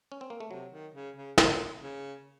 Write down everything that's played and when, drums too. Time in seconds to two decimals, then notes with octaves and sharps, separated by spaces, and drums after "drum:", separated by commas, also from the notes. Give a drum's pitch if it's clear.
0.12 C#4
0.21 C4
0.30 A#3
0.40 A3
0.50 C3 F#3
0.72 D#3
0.94 C#3
1.16 C#3
1.38 A#2 A#3, drum: snare
1.82 C#3